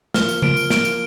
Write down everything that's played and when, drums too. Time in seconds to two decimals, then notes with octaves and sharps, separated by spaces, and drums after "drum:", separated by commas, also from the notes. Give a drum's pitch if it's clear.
0.14 F3 A#3 F6, drum: snare
0.29 drum: tambourine
0.42 F3 A#3 D7, drum: tom C#3
0.57 drum: tambourine
0.70 F3 A#3 D7, drum: snare
0.85 drum: tambourine